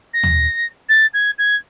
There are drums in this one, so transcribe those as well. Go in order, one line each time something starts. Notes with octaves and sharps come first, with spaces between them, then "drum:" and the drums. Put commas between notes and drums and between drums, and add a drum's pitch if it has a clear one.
A#6
drum: tom
A6
G#6
G#6